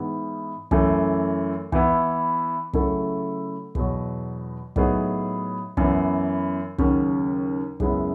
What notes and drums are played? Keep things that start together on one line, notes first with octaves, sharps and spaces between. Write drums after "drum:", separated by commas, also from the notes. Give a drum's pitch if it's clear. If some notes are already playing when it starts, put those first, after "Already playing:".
Already playing: G#2 E3 B3 E4 G#4
F#2 E3 A3, drum: kick
E3 B3 E4, drum: kick
C#3 F#3 A3 E4 A4, drum: kick
E2 B2 F#3, drum: kick
A2 F#3 B3 D#4 G#4, drum: kick
F#2 E3 B3, drum: kick
D#2 C#3 F#3 C#4, drum: kick
F#2 C#3 G#3 B3 E4, drum: kick